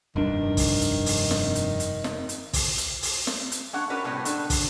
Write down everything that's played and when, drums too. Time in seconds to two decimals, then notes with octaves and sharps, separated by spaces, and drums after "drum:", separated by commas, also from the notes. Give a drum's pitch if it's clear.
0.16 F1 G2 D#3 D4
0.57 drum: kick, open hi-hat
0.82 drum: hi-hat
1.06 drum: open hi-hat
1.31 drum: snare
1.55 drum: hi-hat
1.80 drum: hi-hat
2.04 drum: snare
2.29 drum: hi-hat
2.53 drum: kick, open hi-hat
2.78 drum: hi-hat
3.02 drum: open hi-hat
3.27 drum: snare
3.52 drum: hi-hat
3.73 C#4 D4 F#5
3.90 C#4 F#4 A#4 B4 D5
4.04 A2 C3 G3 B3
4.25 D4 A4, drum: hi-hat
4.50 drum: kick, open hi-hat